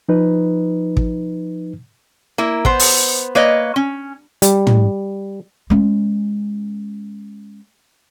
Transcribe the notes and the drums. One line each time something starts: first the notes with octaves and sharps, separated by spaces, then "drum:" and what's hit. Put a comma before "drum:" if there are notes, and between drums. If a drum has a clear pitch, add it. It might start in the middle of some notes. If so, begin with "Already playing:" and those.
F3 D#4 B4
drum: kick
A#3 E4
B3 C5, drum: kick
drum: open hi-hat
A#3 B4 C#5 D#5
C#4
G3, drum: hi-hat
drum: tom
G#3 C#4